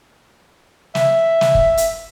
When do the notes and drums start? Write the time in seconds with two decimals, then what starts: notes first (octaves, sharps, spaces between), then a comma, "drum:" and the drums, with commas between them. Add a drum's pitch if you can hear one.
0.95 E5, drum: snare
1.41 drum: snare
1.55 drum: kick
1.77 drum: hi-hat